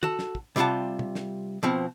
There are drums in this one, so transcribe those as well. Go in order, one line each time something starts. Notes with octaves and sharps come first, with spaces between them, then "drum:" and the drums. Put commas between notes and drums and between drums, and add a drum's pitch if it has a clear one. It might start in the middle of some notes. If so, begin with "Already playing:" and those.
F#4 A4, drum: tom
drum: snare
drum: kick
C3 G3 F4 F#5 A5
drum: tom
drum: snare
B2 F3 C4